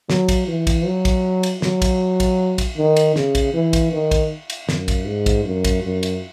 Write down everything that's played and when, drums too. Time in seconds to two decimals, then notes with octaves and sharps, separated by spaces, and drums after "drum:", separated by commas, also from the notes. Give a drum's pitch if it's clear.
0.10 F#3, drum: snare
0.29 drum: kick, cymbal
0.48 E3
0.67 drum: kick, cymbal
0.86 F#3
1.05 drum: kick, cymbal
1.43 drum: cymbal
1.62 F#3, drum: snare
1.82 drum: kick, cymbal
2.20 drum: kick, cymbal
2.58 drum: kick, cymbal
2.77 D#3
2.97 drum: cymbal
3.16 C#3, drum: snare
3.35 drum: kick, cymbal
3.54 E3
3.73 drum: kick, cymbal
3.92 D#3
4.11 drum: kick, cymbal
4.50 drum: cymbal
4.69 F#2, drum: snare
4.88 drum: kick, cymbal
5.07 G#2
5.26 drum: kick, cymbal
5.45 F#2
5.65 drum: kick, cymbal
5.83 F#2
6.03 drum: cymbal